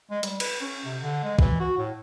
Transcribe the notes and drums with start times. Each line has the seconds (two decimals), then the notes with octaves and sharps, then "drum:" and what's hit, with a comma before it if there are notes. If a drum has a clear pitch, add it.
0.11 G#3
0.23 G3, drum: hi-hat
0.40 B4, drum: cymbal
0.61 C#4
0.85 C3
1.02 D3
1.23 G#3
1.39 E3, drum: kick
1.60 F#4
1.77 A2